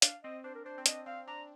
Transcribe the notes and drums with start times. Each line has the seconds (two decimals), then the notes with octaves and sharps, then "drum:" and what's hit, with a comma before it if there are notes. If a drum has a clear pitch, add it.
0.02 D4 F5, drum: hi-hat
0.24 C4 D#5
0.44 D4 C5
0.55 A#4
0.65 D4 C5
0.78 C4
0.86 D4 D#5, drum: hi-hat
1.06 C4 F5
1.27 D4 A#5